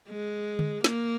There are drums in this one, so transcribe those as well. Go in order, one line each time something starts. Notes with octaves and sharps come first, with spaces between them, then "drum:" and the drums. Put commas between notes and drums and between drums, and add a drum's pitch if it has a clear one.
G#3
drum: tom D3
A#3, drum: snare